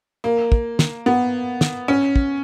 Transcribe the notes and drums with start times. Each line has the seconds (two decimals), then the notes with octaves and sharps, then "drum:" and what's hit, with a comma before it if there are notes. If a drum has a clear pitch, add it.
0.24 A#3
0.52 drum: kick
0.79 drum: snare
1.06 B3
1.61 drum: snare
1.88 C#4
2.16 drum: kick